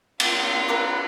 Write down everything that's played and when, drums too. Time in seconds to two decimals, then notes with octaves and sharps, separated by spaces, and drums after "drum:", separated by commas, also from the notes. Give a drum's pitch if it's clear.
0.20 F4 F5, drum: cymbal
0.68 A#4 B4 D6